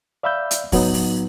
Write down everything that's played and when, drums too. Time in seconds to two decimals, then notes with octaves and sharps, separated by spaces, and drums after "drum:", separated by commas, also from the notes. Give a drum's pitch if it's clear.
0.23 D5 E5 F5 B5 E6 G6
0.51 drum: hi-hat
0.72 A2 F#3 B3 D#4, drum: kick, open hi-hat
0.94 drum: open hi-hat